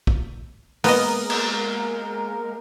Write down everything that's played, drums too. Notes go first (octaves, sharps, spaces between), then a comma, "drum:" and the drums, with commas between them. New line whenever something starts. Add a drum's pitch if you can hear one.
drum: kick
G#3 A#3 B3 A#4 D#5, drum: open hi-hat
drum: cymbal